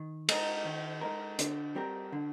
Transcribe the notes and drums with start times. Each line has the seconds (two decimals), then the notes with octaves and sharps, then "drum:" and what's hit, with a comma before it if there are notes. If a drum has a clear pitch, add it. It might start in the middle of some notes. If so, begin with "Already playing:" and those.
Already playing: D#3
0.29 G#3 D#4 A#4, drum: cymbal
0.65 D#3
1.01 G#3 D#4 A#4
1.39 D3, drum: hi-hat
1.75 G3 C4 G4 A#4
2.12 D3